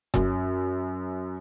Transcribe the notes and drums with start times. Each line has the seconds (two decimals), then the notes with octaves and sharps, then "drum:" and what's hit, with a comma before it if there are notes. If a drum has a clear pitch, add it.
0.14 F#2, drum: kick E1